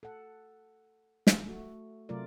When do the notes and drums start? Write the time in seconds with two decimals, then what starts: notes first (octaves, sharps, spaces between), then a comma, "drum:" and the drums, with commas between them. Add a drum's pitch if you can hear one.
0.03 A4 F#5
1.27 drum: snare
1.46 A3 F#4
2.09 C3 F#3 A3 F4 A#4 D5